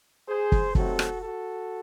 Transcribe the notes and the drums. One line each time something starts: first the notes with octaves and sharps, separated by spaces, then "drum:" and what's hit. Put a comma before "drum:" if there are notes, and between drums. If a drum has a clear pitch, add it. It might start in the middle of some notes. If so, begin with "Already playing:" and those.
G#4 C5
drum: kick
C3 D#3 F#3 A3 C4 F#4 A4, drum: kick
drum: rim click
F#4 A4